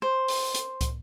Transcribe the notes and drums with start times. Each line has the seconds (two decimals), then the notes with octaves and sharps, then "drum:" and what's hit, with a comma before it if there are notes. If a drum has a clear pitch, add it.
0.02 C5
0.28 drum: open hi-hat
0.55 drum: hi-hat
0.81 drum: kick, hi-hat